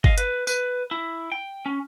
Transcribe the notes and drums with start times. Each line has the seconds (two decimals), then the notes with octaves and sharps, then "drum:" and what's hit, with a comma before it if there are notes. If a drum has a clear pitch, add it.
0.04 D#5 F5, drum: kick G1
0.18 B4, drum: hi-hat
0.47 B4, drum: tambourine
0.91 E4
1.32 G5
1.66 C#4